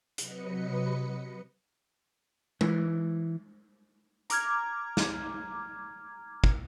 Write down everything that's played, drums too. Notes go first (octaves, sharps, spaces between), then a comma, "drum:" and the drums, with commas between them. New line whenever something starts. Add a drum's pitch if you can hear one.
C3 F#3 B4 D#5 C#7, drum: hi-hat
E3, drum: tom G#3
A#5 D6 F6 G#6, drum: hi-hat
drum: snare
drum: kick